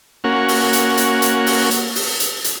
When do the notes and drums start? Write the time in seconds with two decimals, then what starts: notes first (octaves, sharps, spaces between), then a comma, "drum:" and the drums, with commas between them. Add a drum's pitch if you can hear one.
0.24 A#3 C#4 F#4
0.48 drum: open hi-hat
0.73 drum: hi-hat
0.97 drum: hi-hat
1.22 drum: hi-hat
1.46 drum: open hi-hat
1.71 drum: hi-hat
1.95 drum: open hi-hat
2.20 drum: hi-hat
2.44 drum: hi-hat